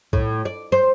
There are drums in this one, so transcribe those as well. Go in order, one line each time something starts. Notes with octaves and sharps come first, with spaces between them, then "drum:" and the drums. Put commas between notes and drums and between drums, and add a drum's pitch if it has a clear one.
A2, drum: kick B1
D5
C5